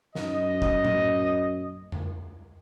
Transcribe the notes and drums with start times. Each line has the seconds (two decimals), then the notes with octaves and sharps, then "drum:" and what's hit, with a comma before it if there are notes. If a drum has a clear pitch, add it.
0.15 F#2 D#5, drum: snare
0.62 drum: kick
0.85 drum: tom A2
1.92 drum: tom F2